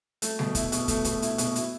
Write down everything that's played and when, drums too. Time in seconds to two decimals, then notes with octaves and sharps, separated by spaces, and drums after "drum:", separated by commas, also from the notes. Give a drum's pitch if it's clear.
0.22 A3, drum: hi-hat
0.39 B2, drum: snare
0.55 E4, drum: kick, hi-hat
0.72 B2, drum: hi-hat
0.88 A3, drum: kick, hi-hat
1.05 B2, drum: kick, hi-hat
1.22 E4, drum: hi-hat
1.38 B2, drum: hi-hat
1.56 E4, drum: hi-hat